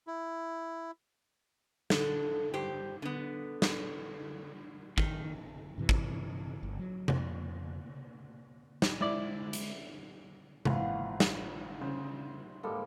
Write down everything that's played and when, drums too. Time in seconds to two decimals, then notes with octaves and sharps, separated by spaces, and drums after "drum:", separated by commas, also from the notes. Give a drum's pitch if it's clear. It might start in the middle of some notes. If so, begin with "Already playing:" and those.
0.07 E4
1.90 D3 A4, drum: snare
2.54 G2 G4 C5
3.02 D3 B3
3.62 drum: snare
4.98 D#3, drum: kick
5.78 G2 C3 E3
5.89 drum: kick
6.63 G1
6.79 F#3
7.08 F2, drum: tom C3
8.82 drum: snare
9.01 G#3 E4 C5 D5
9.53 drum: hi-hat
10.65 G#1 E3 E4 F4 F#5, drum: tom C3
11.20 drum: snare
11.81 C#3 C5
12.63 G#2 G3 A#3 A4